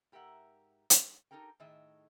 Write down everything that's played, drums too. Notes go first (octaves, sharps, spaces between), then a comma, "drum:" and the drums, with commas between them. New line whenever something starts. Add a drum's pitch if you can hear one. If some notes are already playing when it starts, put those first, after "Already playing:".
G#2 G4 A#4 E5 F#5
drum: hi-hat
D#4 G4 A4 A#4 G5
A2 D#3 G#4 D#5 E5